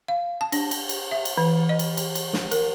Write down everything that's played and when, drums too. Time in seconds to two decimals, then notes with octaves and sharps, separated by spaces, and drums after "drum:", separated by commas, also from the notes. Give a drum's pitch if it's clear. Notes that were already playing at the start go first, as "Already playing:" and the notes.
0.08 F5
0.41 A5
0.52 D4, drum: cymbal
0.71 drum: cymbal
0.89 drum: cymbal
1.11 E5
1.25 drum: cymbal
1.37 E3
1.69 D#5
1.79 drum: cymbal
1.97 drum: cymbal
2.15 drum: cymbal
2.33 drum: snare
2.51 A#4, drum: cymbal